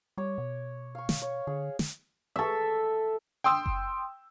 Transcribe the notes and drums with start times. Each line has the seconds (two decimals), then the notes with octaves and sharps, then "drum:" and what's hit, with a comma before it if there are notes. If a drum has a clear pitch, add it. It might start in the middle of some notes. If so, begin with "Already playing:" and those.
0.18 G3 C#5 D6
0.38 B2
0.95 F5 C#6
1.09 drum: snare
1.22 C#5
1.47 D3 G#4
1.79 drum: snare
2.36 A4 E5
3.44 G5 C6 D#6 E6
3.66 drum: kick F#1